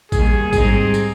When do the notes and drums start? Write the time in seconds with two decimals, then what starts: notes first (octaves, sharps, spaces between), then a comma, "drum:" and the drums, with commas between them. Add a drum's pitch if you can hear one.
0.12 D#2 D#3 G3 G#4, drum: kick, tambourine
0.53 G#2 G3 C4 D#4 G#4, drum: kick, tambourine
0.94 drum: tambourine